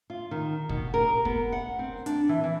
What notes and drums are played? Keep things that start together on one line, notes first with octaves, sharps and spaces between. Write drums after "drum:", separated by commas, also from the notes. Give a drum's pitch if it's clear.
F4
D#3
B2, drum: kick
A#4
B3, drum: kick
F#5
C4
D4, drum: hi-hat
E3
E3